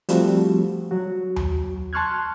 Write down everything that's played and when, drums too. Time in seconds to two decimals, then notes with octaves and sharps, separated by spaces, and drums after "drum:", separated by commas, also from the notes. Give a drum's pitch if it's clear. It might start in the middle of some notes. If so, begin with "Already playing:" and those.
0.09 F3 G3 A3 C4 F#4, drum: hi-hat
0.91 F#3 F#4
1.36 drum: tom D#2
1.93 A5 C6 C#6 F6 F#6 G#6